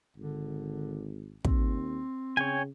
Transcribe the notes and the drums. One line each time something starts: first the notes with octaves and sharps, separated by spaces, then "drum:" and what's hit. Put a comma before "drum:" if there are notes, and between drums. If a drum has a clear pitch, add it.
G#1 D3
D#2 C4, drum: kick
C#3 C#5 G5 G#5